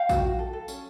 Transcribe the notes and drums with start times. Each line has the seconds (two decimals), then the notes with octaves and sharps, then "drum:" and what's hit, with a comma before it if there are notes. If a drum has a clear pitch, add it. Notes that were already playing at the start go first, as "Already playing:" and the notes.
Already playing: F5 G5
0.09 F#4, drum: kick A#1, tambourine
0.24 F#4
0.39 A4
0.53 A4
0.68 C#4, drum: tambourine